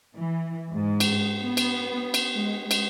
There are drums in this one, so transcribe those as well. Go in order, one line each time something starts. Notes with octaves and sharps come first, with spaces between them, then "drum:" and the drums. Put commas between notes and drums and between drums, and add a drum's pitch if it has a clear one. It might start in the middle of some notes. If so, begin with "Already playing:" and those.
E3
G#2
drum: cymbal
B3
drum: cymbal
drum: cymbal
G#3
drum: cymbal